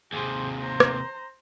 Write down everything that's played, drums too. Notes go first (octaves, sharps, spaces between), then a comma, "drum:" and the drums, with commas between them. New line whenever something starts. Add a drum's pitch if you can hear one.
D#2 C3 G#4 C5
C5 A#5
drum: rim click